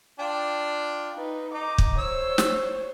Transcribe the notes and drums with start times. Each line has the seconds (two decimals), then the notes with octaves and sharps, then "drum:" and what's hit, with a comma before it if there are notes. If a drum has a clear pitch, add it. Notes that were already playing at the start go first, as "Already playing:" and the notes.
0.20 D4 F4 G5
1.14 D#4 B4
1.54 D#4 D6
1.78 drum: kick
1.98 C5 C#5 E6
2.38 drum: snare